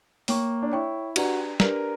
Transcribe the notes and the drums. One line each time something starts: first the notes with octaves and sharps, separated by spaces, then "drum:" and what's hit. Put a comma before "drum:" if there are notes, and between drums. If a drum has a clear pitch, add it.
A#3 C#5 G5 C#6, drum: open hi-hat
D4
E4 C#5 G5 C#6
D4 F#4 G4 B4 D5 A#5, drum: cymbal
D4 G4 A#4 B4 D5 A#5, drum: snare